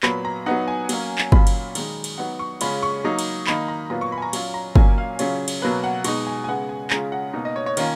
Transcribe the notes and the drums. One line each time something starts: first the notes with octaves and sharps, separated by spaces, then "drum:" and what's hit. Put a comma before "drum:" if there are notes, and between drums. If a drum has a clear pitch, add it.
A#2 F#3 B3 B5, drum: clap
A#5
F#3 B3 D#4 F#5
G#5
F#3 A#3 C#4, drum: cymbal
drum: clap
A#2 F#3 C#4 F4 B5, drum: kick G1
drum: cymbal
D#3 G#3 D#4, drum: cymbal
drum: cymbal
F#3 B3 D#4 F#5
C#6
C#3 G#3 C#4 F4 B5, drum: cymbal
C#6
F#3 A#3 D#4
drum: cymbal
D#3 A#3 D#4 B5, drum: clap
A#5
A#2 F#3 B3 F4 A#5
C#6
B5
G#5
A#5
F#3 C#4 F4, drum: cymbal
A#5
A#2 F#3 A#3 C#4 G#5, drum: kick G1
F5
C#3 F#3 C#4 F4 C#5, drum: cymbal
drum: cymbal
B2 F#3 A#3 B4
F#5
B2 G#3 D#4 C#6, drum: cymbal
G#5
G#5
C#3 G#3 B3 F#5
G#5
C#3 G#3 C#4 F4 A#5, drum: clap
F#5
B2 A#3 D#4
D#5
C#5
C#5
D#3 A#3 C#4 F4, drum: cymbal